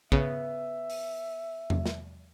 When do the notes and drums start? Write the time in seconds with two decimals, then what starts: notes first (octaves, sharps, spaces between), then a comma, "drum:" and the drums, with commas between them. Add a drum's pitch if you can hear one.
0.12 C#3 B3 E5, drum: kick
0.90 drum: open hi-hat
1.70 drum: tom E2
1.86 drum: snare